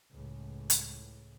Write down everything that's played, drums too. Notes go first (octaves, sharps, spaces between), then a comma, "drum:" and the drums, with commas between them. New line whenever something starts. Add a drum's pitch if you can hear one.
C#2 A2
drum: hi-hat